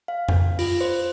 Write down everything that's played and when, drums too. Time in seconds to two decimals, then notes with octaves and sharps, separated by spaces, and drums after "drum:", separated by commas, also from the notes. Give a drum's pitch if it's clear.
0.08 F5
0.28 drum: tom F2
0.59 F4, drum: open hi-hat
0.81 C5